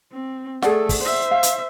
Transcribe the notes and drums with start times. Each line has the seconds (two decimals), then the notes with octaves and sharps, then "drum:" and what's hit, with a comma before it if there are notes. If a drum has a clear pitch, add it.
0.12 C4
0.62 A3 G#4 A4 D5 F#5, drum: snare
0.89 drum: kick, open hi-hat
1.01 C5 E5
1.31 F5
1.43 drum: hi-hat